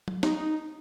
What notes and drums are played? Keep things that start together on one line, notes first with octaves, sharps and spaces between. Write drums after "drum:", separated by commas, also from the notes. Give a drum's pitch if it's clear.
drum: tom F#3
D#4, drum: snare